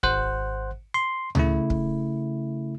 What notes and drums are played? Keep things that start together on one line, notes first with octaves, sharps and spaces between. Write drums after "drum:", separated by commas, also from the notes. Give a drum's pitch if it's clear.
G#1 C5 F#5 F#6, drum: kick
C6
C#3 A3 E4, drum: tom C#2
drum: kick